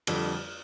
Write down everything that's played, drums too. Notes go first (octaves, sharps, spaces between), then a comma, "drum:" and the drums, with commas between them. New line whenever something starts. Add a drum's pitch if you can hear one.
F2 D3 G3, drum: cymbal